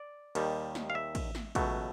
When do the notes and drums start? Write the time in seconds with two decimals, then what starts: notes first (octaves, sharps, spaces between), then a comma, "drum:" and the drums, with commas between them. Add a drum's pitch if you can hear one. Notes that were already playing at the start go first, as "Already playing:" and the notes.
Already playing: D5
0.35 D#2 D#3 G3, drum: cymbal
0.75 drum: snare
0.90 F5
0.95 E5
1.15 drum: kick, cymbal
1.35 drum: snare
1.55 C#2 B2 F#3 A3, drum: kick, cymbal